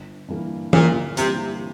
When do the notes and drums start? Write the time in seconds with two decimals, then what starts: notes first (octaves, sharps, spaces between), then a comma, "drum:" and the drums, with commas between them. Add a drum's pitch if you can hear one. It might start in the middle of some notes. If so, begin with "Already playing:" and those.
Already playing: G1
0.28 G2 E3 A#3
0.73 G1 A#2, drum: tom E3
1.17 G2 C3 E3 A#3, drum: hi-hat